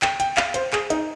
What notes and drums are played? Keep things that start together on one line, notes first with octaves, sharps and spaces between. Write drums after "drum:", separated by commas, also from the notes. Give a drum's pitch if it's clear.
G5, drum: clap
G5, drum: hi-hat
F5, drum: clap
C5, drum: hi-hat
G#4, drum: clap
D#4, drum: hi-hat